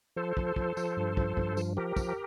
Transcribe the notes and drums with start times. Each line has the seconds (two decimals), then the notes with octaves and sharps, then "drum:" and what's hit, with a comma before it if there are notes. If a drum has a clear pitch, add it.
0.16 F3 A4 C5
0.37 F3, drum: kick
0.56 F3, drum: kick
0.77 F3, drum: tambourine
0.97 G2
1.17 F3, drum: kick
1.37 G2, drum: kick
1.57 F3, drum: tambourine
1.77 F3 G4 A#4
1.96 F3, drum: kick, tambourine